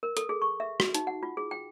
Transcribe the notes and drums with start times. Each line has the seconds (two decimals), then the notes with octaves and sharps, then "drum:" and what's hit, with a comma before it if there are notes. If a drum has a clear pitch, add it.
0.03 A#4
0.17 A4, drum: hi-hat
0.29 G#4
0.42 C#6
0.60 E5
0.80 F#4, drum: rim click
0.95 D#4, drum: hi-hat
1.07 F#5
1.23 F4
1.37 G#4
1.51 G5